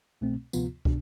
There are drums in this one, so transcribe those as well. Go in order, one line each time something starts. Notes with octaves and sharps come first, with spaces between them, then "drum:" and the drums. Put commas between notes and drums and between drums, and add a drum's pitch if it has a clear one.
C2 B2 A3 C4
D2 C3 F3 B3 F4, drum: tambourine
B2 D4, drum: kick